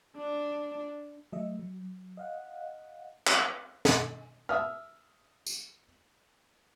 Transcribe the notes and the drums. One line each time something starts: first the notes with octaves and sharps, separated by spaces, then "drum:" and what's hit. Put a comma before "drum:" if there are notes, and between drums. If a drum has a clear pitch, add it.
D4
F#3 A3 D#5 E5
F#3
D#5 F5 F#5
drum: clap
drum: snare
E5 D#6 F6
drum: tambourine